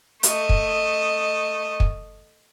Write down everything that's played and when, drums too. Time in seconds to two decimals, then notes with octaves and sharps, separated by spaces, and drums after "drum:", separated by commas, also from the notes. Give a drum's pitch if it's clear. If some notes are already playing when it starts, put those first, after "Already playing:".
0.23 A3 D#5, drum: hi-hat
0.49 drum: kick
1.80 drum: kick